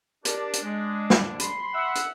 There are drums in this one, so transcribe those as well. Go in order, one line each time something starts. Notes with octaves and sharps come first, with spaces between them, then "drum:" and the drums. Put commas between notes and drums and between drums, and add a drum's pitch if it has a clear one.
D4 G4 A#4 D5, drum: hi-hat
drum: hi-hat
G#3
drum: snare
B5 C6, drum: hi-hat
E5 F#5
drum: hi-hat